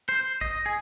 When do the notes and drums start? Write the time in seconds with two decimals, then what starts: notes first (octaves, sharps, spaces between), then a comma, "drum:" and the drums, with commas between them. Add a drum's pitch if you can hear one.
0.09 C5
0.41 D#5, drum: kick A1
0.66 G#4